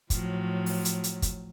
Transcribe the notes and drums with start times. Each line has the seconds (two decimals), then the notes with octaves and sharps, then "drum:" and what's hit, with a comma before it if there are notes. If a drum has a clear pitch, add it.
0.10 A2 F3 F#3, drum: kick, hi-hat
0.66 drum: open hi-hat
0.85 drum: hi-hat
1.04 drum: hi-hat
1.22 drum: kick, hi-hat